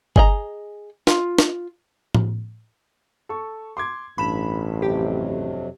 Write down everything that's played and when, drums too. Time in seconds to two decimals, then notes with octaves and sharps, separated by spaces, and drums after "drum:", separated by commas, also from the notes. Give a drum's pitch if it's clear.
0.16 G#4 D#5 A#5, drum: kick G1
1.07 F4, drum: snare
1.39 drum: snare
2.15 drum: tom A2
3.29 A4 C#6
3.77 C6 D6 G#6
4.18 A1 G2 B5 E7
4.82 F2 C3 F#3 G4